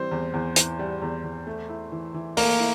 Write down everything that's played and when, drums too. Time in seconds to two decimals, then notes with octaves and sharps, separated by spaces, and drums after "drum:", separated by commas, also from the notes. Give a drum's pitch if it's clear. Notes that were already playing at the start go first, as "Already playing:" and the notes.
Already playing: E3 G3 C4 C5
0.11 E2
0.34 E2
0.56 E3, drum: hi-hat
0.79 G3
1.02 E2
1.24 E2
1.47 A3
1.69 E4
1.92 E3
2.14 E3
2.37 A3 A#3 A#4, drum: open hi-hat
2.59 E4